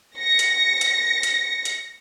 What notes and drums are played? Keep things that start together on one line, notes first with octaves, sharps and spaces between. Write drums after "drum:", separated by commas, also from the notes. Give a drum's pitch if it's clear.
A#6 C#7
drum: hi-hat
drum: hi-hat
drum: hi-hat
drum: hi-hat